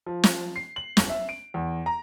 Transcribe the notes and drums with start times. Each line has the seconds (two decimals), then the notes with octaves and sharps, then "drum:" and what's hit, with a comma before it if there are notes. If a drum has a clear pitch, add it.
0.06 F3
0.24 drum: snare
0.56 C7
0.76 F#7
0.97 G1, drum: snare
1.10 E5
1.29 D7
1.54 E2
1.86 A#5